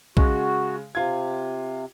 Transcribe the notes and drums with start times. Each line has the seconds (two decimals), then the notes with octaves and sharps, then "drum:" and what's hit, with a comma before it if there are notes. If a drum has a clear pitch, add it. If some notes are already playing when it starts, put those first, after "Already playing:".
0.17 C#3 G#3 F#4, drum: kick
0.95 C3 F4 G#6